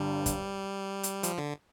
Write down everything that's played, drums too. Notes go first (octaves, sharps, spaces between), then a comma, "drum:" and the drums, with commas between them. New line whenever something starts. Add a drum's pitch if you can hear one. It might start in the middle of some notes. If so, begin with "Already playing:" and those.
Already playing: G1 G2 D3 G3
drum: kick, hi-hat
drum: hi-hat
F3, drum: hi-hat
D3